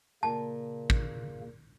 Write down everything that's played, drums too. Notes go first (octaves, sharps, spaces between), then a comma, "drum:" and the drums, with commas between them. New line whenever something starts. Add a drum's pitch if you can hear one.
A#2 C#3 A#3 A5
drum: kick